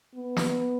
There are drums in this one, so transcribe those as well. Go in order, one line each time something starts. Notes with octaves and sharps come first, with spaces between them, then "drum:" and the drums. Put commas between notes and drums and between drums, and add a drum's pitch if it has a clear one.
B3
drum: snare